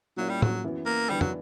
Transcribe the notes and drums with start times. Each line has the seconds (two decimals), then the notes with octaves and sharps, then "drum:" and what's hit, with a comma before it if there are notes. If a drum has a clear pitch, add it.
0.17 A#2 F#3 A#3 C#4 E4
0.30 G3
0.42 F#3, drum: tom
0.64 F#2 E3 B3 E4
0.86 A#3
1.09 G2 E3 G3 B3 D4
1.21 F#3, drum: tom